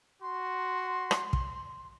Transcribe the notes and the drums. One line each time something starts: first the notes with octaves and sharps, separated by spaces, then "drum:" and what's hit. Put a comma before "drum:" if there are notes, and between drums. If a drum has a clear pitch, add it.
F#4 C6
drum: rim click
drum: kick